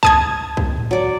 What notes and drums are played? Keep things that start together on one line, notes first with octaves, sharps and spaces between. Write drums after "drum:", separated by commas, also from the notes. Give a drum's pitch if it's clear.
A5 D#6 G#6, drum: kick C2
drum: kick C2
drum: tom A2
F#3 D5